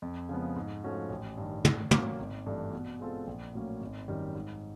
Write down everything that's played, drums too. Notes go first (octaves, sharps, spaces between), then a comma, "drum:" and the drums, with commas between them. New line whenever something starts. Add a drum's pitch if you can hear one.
F2
C#3 F3 G#3 B3
G#2
F3 A3 C#4 F#4
A1
G2 D#3
A2, drum: tom
F#3 A#3 C#4, drum: tom
G#1
G2 E3 A3 D4
B2
G#3 C4 F4 A4
A#1
A2 F#3 A#3 C#4
G#1
F#2 D#3 G3
G#2